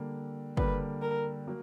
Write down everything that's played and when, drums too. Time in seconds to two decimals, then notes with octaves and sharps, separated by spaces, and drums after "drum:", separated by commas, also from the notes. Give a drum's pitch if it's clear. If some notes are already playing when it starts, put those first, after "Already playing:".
Already playing: D3 G3 A#3
0.57 D3 G3 A#3 B4, drum: kick
1.02 A#4
1.47 F#3 A#3